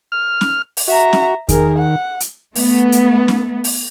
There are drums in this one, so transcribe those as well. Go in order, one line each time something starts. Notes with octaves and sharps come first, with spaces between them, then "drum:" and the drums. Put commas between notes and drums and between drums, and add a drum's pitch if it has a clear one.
F6
drum: snare C#4
drum: open hi-hat
F#4 E5 A#5
drum: snare C#4
D#3 G#4 A#4, drum: kick E2, hi-hat
F#5
drum: hi-hat
A3 B3, drum: open hi-hat
drum: hi-hat
drum: snare C#4
drum: open hi-hat